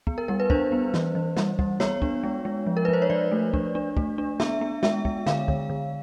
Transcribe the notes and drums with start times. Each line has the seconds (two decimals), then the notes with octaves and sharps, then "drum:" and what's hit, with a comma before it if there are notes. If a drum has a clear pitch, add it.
0.07 B3, drum: kick
0.18 A#4
0.28 G3 A#4
0.40 B4
0.50 D4 C5, drum: kick
0.72 B3
0.94 E3, drum: snare
1.15 E3
1.37 G3, drum: snare
1.59 G3, drum: kick
1.80 B3 C#5, drum: snare
2.02 D4, drum: kick
2.24 G#3
2.45 G#3
2.67 F3
2.77 A#4
2.85 B4
2.88 F3 C5
3.02 C#5
3.10 F3 D5
3.32 A3
3.54 D4, drum: kick
3.75 D4
3.97 A3, drum: kick
4.18 D4
4.40 B3 E5, drum: snare
4.61 B3
4.83 G#3 E5, drum: snare
5.05 G#3, drum: kick
5.26 D3 F5, drum: snare
5.48 D3, drum: kick
5.70 D3